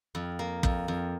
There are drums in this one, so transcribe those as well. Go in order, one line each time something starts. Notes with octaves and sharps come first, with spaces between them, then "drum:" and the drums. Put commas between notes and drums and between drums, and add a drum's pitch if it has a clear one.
F2
A#3
F2, drum: kick
F2